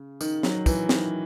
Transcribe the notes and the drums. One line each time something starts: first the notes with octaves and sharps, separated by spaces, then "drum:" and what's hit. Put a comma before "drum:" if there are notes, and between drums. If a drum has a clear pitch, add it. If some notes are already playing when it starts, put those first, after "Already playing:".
Already playing: C#3
D#3, drum: tambourine
F#3, drum: snare
E3, drum: kick, tambourine
D#3, drum: snare